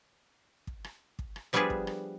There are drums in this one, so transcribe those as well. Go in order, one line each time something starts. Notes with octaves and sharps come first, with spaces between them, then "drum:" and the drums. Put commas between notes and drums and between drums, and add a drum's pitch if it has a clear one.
drum: kick
drum: rim click
drum: kick
drum: rim click
F3 G3 B3 D4 G#4 B4
drum: kick
drum: rim click